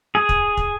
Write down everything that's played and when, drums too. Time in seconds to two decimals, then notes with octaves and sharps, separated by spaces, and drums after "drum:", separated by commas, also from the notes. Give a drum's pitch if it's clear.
0.15 G#4
0.29 drum: kick
0.57 drum: kick